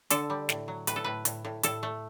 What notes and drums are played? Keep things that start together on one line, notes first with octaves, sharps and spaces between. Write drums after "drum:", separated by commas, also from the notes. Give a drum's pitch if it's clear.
D3 A4, drum: hi-hat
G3
A2, drum: snare
F#3
A2 B4, drum: hi-hat
A4
A2 B4
A2, drum: hi-hat
A2
A2 A4, drum: hi-hat
A3